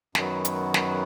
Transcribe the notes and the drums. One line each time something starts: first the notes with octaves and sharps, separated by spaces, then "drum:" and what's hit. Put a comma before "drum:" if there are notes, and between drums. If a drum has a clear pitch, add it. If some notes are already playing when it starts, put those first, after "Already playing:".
F#2 D#3 F#3 B3, drum: snare
drum: hi-hat
drum: snare